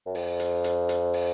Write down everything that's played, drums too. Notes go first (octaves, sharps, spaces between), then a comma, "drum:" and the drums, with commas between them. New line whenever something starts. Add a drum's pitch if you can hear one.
F#2
F2, drum: open hi-hat
drum: hi-hat
drum: hi-hat
drum: hi-hat
drum: open hi-hat